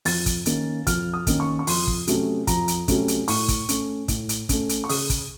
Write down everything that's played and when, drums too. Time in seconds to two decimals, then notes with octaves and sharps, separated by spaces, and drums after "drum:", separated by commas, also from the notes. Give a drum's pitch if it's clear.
0.05 F2 A6, drum: open hi-hat
0.26 drum: kick, hi-hat
0.46 D#3 A#3 C#4, drum: hi-hat
0.87 F2 F6, drum: kick, hi-hat
1.14 D#6
1.27 D#3 A#3 C#4, drum: kick, hi-hat
1.40 C#6
1.59 C#6
1.67 F2 C6, drum: open hi-hat
1.87 drum: kick
2.07 C3 F#3 A3 C#4, drum: hi-hat
2.47 F2 A#5, drum: kick, hi-hat
2.68 drum: hi-hat
2.88 C3 F#3 A3 C#4, drum: kick, hi-hat
3.08 drum: hi-hat
3.28 A2 C#6, drum: open hi-hat
3.48 drum: kick, hi-hat
3.69 A3 C#4, drum: hi-hat
4.08 A2, drum: kick, hi-hat
4.29 drum: hi-hat
4.49 A3 C#4, drum: kick, hi-hat
4.69 drum: hi-hat
4.84 C#6
4.89 C#3 D#6, drum: open hi-hat
5.10 drum: kick, hi-hat